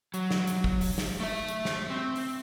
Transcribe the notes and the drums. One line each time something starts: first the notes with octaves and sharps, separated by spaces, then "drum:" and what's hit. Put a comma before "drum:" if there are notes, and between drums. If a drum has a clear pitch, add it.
F#3, drum: hi-hat
drum: snare
drum: hi-hat
drum: kick
drum: open hi-hat
drum: snare
A3 E5
drum: hi-hat
drum: snare
C4
drum: open hi-hat